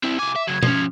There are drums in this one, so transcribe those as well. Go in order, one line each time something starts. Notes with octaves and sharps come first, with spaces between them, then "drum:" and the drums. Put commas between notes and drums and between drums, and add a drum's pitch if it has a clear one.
C4 E4
C2 G#5 D6
E5
C#3 F#3 G#6
F3 C#4, drum: tom B2